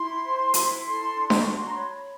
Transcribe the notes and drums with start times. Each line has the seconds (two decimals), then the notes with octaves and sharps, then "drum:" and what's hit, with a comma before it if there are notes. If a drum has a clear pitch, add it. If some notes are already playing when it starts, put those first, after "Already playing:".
Already playing: E4 C6
0.24 C5
0.54 E4, drum: hi-hat
0.85 A4 C6
1.15 D4
1.30 C6, drum: snare D4
1.42 F#4 C#6
1.56 C6
1.66 A#5
1.75 C#5 B5